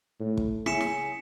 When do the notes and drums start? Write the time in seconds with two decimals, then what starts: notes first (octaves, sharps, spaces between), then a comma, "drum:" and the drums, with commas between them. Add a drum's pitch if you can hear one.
0.19 A2
0.37 drum: kick
0.66 C#3 C#4 E4 G#4 B6 C#7 E7, drum: snare
0.81 drum: snare